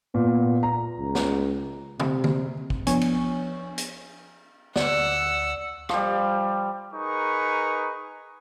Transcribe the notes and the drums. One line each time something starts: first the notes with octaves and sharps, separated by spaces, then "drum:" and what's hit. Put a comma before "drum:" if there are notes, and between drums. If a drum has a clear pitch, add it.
A#2 B3
A#5
C#2
drum: snare
C3, drum: tom
drum: tom
drum: kick
F3 B3 D4 C#5 G#5 C#6, drum: hi-hat
drum: cymbal
drum: hi-hat
D2 D5 F#5 E6, drum: snare
F3 G3, drum: rim click
D#4 G#4 A#4 B4 C#6